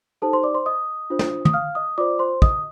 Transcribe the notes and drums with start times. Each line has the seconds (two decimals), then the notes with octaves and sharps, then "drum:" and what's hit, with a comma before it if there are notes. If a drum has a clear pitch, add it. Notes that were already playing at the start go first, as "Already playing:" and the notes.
0.22 D#4 G4 A4 C5 A5
0.33 C5 C6
0.43 D5 D6
0.54 C5 C6
0.66 D#5 D#6
1.10 D4 F4 C5
1.19 drum: snare
1.45 D#6, drum: tom
1.54 F5 F6
1.75 D#5 D#6
1.98 F4 C5 D5 D6
2.19 C5 C6
2.42 D#5 D#6, drum: kick